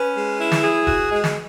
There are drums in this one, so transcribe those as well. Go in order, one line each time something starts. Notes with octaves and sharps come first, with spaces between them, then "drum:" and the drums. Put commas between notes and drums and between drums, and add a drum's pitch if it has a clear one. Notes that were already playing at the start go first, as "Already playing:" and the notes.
Already playing: C#4 B4
G#3
E4
drum: snare
G#4
F#4, drum: kick F1
G#3
drum: snare